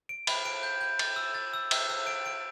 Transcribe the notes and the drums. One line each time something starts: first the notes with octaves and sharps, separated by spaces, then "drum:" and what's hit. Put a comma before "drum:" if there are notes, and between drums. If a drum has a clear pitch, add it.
D7
B5, drum: cymbal
D7
G6
G6
A6, drum: cymbal
E6
A6
E6
E6, drum: cymbal
E6
D7
D7